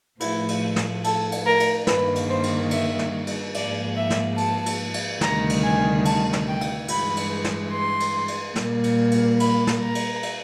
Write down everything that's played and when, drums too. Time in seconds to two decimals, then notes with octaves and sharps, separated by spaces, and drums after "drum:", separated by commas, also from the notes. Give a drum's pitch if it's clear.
0.20 A2 F3 A3 E4, drum: cymbal
0.48 drum: cymbal
0.76 drum: snare
1.04 A4, drum: cymbal
1.32 drum: cymbal
1.46 A#4
1.60 drum: cymbal
1.87 G2 D#3 G3 A#3 B4, drum: snare
2.15 drum: cymbal
2.29 C5
2.43 drum: cymbal
2.71 E5, drum: cymbal
2.99 drum: snare
3.27 drum: cymbal
3.54 G#2 F3 A#3 D5, drum: cymbal
3.96 E5
4.10 drum: snare
4.37 A5, drum: cymbal
4.66 drum: cymbal
4.94 drum: cymbal
5.21 D2 C3 D#3 G3 A#5, drum: snare
5.49 drum: cymbal
5.63 G#5
6.05 A5, drum: cymbal
6.33 drum: snare
6.47 G5
6.61 drum: cymbal
6.88 G2 E3 G#3 B5, drum: cymbal
7.16 drum: cymbal
7.44 drum: snare
7.72 C6
8.00 drum: cymbal
8.28 drum: cymbal
8.56 A#2 G3 A#3, drum: snare
8.84 drum: cymbal
9.11 drum: cymbal
9.40 B5, drum: cymbal
9.67 drum: snare
9.81 A#5
9.95 drum: cymbal
10.23 drum: cymbal